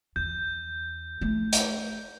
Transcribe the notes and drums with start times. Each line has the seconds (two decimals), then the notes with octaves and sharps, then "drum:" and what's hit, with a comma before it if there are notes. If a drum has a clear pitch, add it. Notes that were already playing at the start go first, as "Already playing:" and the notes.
0.16 E2 G6
1.21 A3 E4
1.52 drum: hi-hat